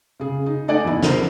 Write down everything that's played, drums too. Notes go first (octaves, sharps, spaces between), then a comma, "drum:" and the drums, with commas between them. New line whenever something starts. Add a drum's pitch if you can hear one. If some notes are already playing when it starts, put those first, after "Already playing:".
C#3 G#4
D#4
A3 D#4 A4 D5 F#5 G#5
E2 E4
D3 A#4 C5, drum: snare